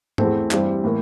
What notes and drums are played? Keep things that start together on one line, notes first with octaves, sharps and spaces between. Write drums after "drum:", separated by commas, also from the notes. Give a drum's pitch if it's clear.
E2 E3 A3 C4, drum: tom G#2
G2 E3 G3 C4, drum: clap
A2 E3 A#3